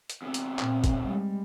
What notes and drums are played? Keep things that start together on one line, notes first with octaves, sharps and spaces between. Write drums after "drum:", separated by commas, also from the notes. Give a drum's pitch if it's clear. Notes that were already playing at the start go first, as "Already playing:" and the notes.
drum: hi-hat
E2 C3
drum: hi-hat
A#2 C4, drum: clap
drum: kick, hi-hat
G3 G#3